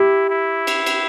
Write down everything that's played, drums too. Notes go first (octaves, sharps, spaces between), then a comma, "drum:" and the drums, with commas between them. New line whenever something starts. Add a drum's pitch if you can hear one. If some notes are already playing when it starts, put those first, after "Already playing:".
Already playing: E4 G4
E4
drum: cymbal
drum: cymbal